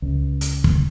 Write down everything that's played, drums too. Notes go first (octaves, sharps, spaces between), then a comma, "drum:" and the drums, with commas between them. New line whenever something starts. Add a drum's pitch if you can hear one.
C#2
drum: hi-hat
drum: kick